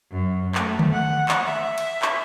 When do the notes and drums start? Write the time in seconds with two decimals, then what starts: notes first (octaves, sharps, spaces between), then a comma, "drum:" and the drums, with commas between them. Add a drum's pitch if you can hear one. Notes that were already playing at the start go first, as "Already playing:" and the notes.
0.11 F#2
0.55 A3, drum: clap
0.79 drum: tom D3
0.93 F#5
1.28 drum: clap
1.45 E5
1.78 drum: cymbal
2.02 drum: clap